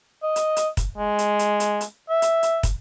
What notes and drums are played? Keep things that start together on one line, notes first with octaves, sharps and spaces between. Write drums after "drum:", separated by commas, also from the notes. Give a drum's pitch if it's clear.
D#5
drum: hi-hat
drum: hi-hat
drum: kick, hi-hat
G#3
drum: hi-hat
drum: hi-hat
drum: hi-hat
drum: hi-hat
E5
drum: hi-hat
drum: hi-hat
drum: kick, hi-hat